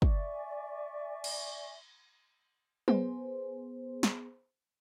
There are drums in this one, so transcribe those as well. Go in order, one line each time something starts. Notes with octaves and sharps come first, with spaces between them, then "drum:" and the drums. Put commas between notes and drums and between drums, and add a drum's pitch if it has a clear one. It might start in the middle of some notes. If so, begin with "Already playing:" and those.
D5 E5 G#5 C#6, drum: kick
drum: cymbal
B3 G#4 C5, drum: tom F#3
drum: snare